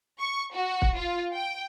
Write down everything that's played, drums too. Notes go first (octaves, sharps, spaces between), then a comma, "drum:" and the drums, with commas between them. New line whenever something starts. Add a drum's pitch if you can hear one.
C#6
F#4
drum: kick
F4
G5